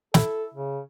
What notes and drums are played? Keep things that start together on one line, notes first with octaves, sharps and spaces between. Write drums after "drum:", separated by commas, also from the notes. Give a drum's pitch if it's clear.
E4 A4, drum: snare
C#3